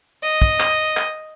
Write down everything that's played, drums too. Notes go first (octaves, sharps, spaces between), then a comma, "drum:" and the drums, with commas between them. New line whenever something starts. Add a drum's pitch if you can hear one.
D#5
drum: kick
drum: clap
drum: clap